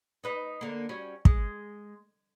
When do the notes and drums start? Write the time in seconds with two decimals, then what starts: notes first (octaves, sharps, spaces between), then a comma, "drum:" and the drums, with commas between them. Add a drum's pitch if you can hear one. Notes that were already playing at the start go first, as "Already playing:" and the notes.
0.24 D#4 B4 D#5
0.61 D3 A#3
0.89 G3 C#4 F#4
1.25 G#3, drum: kick